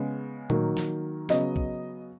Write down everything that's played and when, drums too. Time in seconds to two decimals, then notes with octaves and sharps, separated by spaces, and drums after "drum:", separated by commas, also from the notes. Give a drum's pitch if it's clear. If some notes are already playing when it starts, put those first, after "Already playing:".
Already playing: C#3 G#3 B3
0.50 D#3 F#3 A#3, drum: tom A#2
0.77 drum: snare
1.29 C#3 F#3 B3 D#5, drum: snare
1.56 drum: kick